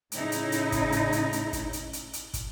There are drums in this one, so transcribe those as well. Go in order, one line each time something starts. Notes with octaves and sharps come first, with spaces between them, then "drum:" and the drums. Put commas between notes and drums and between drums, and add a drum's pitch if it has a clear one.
A2 C#3 C#4 D#4 E4, drum: hi-hat
drum: hi-hat
drum: hi-hat
drum: kick, hi-hat
drum: hi-hat
drum: hi-hat
drum: hi-hat
drum: kick, hi-hat
drum: hi-hat
drum: hi-hat
drum: hi-hat
drum: kick, hi-hat